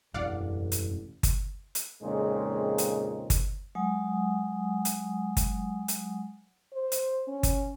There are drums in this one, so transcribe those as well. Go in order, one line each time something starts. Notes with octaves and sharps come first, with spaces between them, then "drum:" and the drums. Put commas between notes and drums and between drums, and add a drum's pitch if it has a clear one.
E1 A1 F#2 D5 F5 F#5
drum: hi-hat
drum: kick G1, hi-hat
drum: hi-hat
F2 A#2 C#3 G#3 C4 D#4
drum: hi-hat
drum: kick G1, hi-hat
F#3 G#3 F#5 G#5 D#6
drum: hi-hat
drum: kick G1, hi-hat
drum: hi-hat
C5
drum: hi-hat
C#4
drum: kick G1, hi-hat